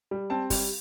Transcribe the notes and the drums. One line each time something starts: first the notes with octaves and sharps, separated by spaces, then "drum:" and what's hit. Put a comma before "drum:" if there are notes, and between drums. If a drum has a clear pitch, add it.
G3
C4 A5
G3, drum: kick, open hi-hat